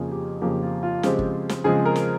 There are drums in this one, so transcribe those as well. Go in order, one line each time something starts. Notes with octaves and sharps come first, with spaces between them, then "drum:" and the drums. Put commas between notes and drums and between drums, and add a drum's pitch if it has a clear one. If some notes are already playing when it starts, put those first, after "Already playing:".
Already playing: F2 C#3 F3 A#3 G#4
G4
F2 C#3 F3 A#3 G4
F4
F4
C#3 F3 G#3 C4 G4, drum: snare
drum: kick
drum: snare
C#3 F3 G#3 C4 G#4
A#4
drum: snare